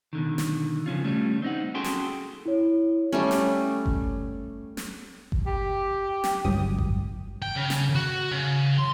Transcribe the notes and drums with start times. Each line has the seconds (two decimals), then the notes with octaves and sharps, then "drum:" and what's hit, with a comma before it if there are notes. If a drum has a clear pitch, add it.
0.13 B2 D3 D#3
0.38 drum: snare
0.86 C#3 F3 C#4 F4
1.05 G3 A3 C#4
1.42 C4 D#4 F#5
1.74 C#4 F#4 G#4 A4 G5 C6
1.84 drum: snare
2.46 E4 C#5
3.12 G3 A3 C#4
3.31 drum: snare
3.86 drum: kick G1
4.77 drum: snare
5.32 drum: kick G1
5.46 G4
6.24 drum: snare
6.45 G1 C#2 G2 F#3 D#6
6.78 drum: kick G1
7.42 G5
7.56 C#3
7.70 drum: snare
7.95 F#4
8.32 C#3
8.79 C6